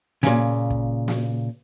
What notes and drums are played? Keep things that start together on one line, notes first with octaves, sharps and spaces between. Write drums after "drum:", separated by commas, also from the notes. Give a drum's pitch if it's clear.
A#2 C#3, drum: snare
drum: kick
drum: snare